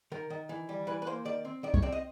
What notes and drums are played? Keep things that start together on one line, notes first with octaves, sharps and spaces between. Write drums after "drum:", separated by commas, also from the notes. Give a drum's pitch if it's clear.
D#3 A#4
D#3
E3
G3
E3 B4
B4
A#3 C5
D#3 D5
C4
D#3 D5
C#5, drum: kick C2
C4 D5
D#5